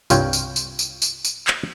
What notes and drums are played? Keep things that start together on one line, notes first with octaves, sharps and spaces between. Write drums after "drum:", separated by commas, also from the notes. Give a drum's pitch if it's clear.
C2 G2 F4 C#5 G5, drum: tambourine
drum: tambourine
drum: tambourine
drum: tambourine
drum: tambourine
drum: tambourine
drum: clap